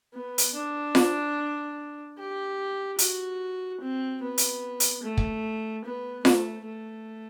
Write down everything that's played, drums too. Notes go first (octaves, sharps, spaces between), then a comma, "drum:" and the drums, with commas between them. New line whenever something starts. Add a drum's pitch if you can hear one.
B3
drum: hi-hat
D4
drum: snare F4
G4
F#4, drum: hi-hat
C4
B3
drum: hi-hat
drum: hi-hat
A3
drum: kick
B3
A3, drum: snare F4
A3